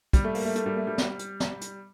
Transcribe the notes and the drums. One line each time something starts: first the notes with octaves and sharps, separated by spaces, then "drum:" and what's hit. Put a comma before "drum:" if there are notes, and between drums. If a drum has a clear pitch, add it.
G3, drum: kick, hi-hat
A3
A#3, drum: open hi-hat
A3
A3, drum: hi-hat
G3
A3
G3
drum: snare
drum: hi-hat
drum: snare
drum: hi-hat